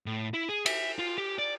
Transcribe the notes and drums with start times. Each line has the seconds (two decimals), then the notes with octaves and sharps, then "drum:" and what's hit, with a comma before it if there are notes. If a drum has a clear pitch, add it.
0.06 A2
0.34 E4
0.49 G#4
0.66 E5, drum: cymbal
0.99 F4
1.18 G4
1.39 D5